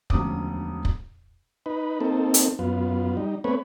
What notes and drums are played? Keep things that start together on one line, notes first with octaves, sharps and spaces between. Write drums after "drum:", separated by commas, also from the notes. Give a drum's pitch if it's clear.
E1 D2 F3 C#4 D6 D#6, drum: kick
drum: kick
D#4 B4
A#3 C4 D#4 A4
drum: hi-hat
F#2 B3 F4
G3 D#4
A3 B3 C4 B4 C#5